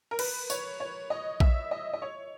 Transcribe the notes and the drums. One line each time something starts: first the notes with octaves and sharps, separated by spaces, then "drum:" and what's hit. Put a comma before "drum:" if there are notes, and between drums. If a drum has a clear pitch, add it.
A#4
B4, drum: cymbal
C#5, drum: tambourine
C#5
D#5
E5, drum: kick A#1
D#5
D#5
C#5